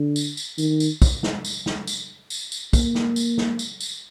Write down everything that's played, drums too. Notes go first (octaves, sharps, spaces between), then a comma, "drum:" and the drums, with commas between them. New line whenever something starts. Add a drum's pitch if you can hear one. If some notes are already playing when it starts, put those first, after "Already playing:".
Already playing: D3
drum: tambourine
drum: tambourine
D#3, drum: tambourine
drum: tambourine
drum: kick, tambourine
drum: snare
drum: tambourine
drum: snare
drum: tambourine
drum: tambourine
drum: tambourine
A#3, drum: kick, tambourine
drum: snare
drum: tambourine
drum: snare
drum: tambourine
drum: tambourine